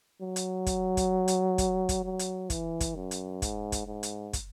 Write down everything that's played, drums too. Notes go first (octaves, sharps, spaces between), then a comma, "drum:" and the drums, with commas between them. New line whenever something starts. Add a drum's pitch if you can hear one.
F#3
drum: hi-hat
drum: kick, hi-hat
drum: kick, hi-hat
drum: hi-hat
drum: kick, hi-hat
drum: kick, hi-hat
F#3
drum: hi-hat
E3, drum: kick, hi-hat
drum: kick, hi-hat
F#2
drum: hi-hat
G#2, drum: kick, hi-hat
drum: kick, hi-hat
G#2
drum: hi-hat
drum: kick, hi-hat